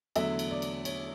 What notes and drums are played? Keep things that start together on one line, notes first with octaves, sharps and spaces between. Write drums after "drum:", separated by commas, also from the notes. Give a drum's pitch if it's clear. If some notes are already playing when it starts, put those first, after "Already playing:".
E2 D3 F#3 A3 E5, drum: cymbal
drum: cymbal
D5
drum: cymbal
C#5, drum: cymbal